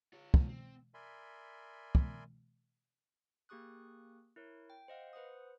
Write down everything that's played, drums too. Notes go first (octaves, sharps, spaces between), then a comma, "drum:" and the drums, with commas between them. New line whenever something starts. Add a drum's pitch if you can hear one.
F4 C#5
drum: kick
C4
A#4 D5 E5 G#5 B5 C6
drum: kick
A#3 G4 G#4 C#6 D#6 F#6
E4 A#4 C#5
G5
C5 D#5 F5 F#5
B4 C5 F#5 D#6